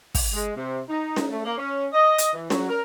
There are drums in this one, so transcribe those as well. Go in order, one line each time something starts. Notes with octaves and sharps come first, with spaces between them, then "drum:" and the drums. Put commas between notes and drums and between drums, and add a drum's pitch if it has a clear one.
drum: kick, open hi-hat
G#3
C3
D#4
drum: snare C#4
A3
A#3
C#4
D#5
drum: hi-hat
E3
F#3, drum: snare C#4
A#4